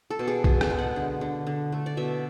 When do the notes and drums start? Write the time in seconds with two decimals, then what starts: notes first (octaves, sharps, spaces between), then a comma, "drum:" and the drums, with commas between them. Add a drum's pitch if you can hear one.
0.10 A4
0.19 B2
0.28 G#4
0.44 B2 G#4, drum: kick B1
0.61 A4, drum: rim click
0.71 G#3
0.79 F#5
0.96 D3
1.21 D3
1.47 D3
1.72 A3
1.86 D5
1.97 B2 E5